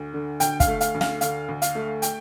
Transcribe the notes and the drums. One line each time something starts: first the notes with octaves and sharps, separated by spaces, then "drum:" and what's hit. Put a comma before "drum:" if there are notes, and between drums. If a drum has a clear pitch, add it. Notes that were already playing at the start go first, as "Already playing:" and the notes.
Already playing: D2
D3
D2 G5, drum: hi-hat
F5, drum: kick, hi-hat
A3
F5, drum: hi-hat
D2
F5, drum: snare
D3 F5, drum: hi-hat
D2
F5, drum: hi-hat
A3
G5, drum: hi-hat